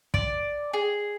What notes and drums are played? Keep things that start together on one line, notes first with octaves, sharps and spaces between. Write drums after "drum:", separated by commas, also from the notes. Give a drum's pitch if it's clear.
D5, drum: kick
G#4